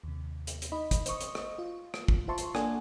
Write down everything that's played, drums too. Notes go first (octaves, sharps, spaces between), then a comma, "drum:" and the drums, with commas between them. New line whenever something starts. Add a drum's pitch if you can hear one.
D#2 C3
drum: hi-hat
drum: hi-hat
D#4 D#5 B5
drum: kick, hi-hat
C5 D#5 C#6 D#6, drum: hi-hat
drum: hi-hat
drum: rim click
F4
drum: rim click
drum: kick
F4 C5 E5 A5 C6 C#6
drum: hi-hat
A#3 D4 A4 D5 F#5 G#5, drum: rim click